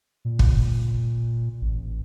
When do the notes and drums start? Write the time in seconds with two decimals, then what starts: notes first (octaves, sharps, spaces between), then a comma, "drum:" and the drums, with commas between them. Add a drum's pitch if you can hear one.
0.25 A#2
0.39 drum: kick
1.61 A1